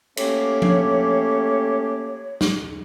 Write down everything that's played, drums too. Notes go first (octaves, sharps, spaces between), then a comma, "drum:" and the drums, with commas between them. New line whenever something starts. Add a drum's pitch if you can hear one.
A3 A#3 C#4 G4 C#5, drum: cymbal
drum: tom F3
drum: snare